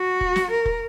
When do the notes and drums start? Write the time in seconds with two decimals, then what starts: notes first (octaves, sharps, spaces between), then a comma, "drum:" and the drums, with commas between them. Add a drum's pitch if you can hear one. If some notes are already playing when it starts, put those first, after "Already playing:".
Already playing: F#4
0.21 drum: kick
0.36 drum: snare
0.51 A#4
0.65 drum: kick